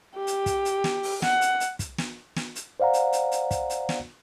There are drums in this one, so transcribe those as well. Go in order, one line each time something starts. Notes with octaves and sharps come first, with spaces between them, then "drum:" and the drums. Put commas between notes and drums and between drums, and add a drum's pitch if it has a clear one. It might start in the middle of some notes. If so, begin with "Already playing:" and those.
G4
drum: hi-hat
drum: kick, hi-hat
drum: hi-hat
drum: snare
drum: open hi-hat
F#5, drum: snare
drum: hi-hat
drum: hi-hat
drum: kick, hi-hat
drum: snare
drum: snare
drum: hi-hat
C5 D5 F5 F#5 A#5
drum: hi-hat
drum: hi-hat
drum: hi-hat
drum: kick, hi-hat
drum: hi-hat
drum: snare